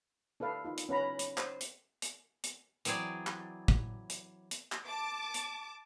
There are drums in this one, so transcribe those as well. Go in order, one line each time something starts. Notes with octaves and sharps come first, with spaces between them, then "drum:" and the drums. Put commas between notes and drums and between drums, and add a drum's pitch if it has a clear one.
D4 A4 B4 F5 A5
D#4 F4
drum: hi-hat
C#4 B4 F#5 A#5 B5
drum: hi-hat
C5, drum: clap
drum: hi-hat
drum: hi-hat
drum: hi-hat
E3 F#3 C4 G#4 D5, drum: hi-hat
drum: clap
drum: kick
drum: hi-hat
drum: hi-hat
drum: clap
A5 D6
drum: hi-hat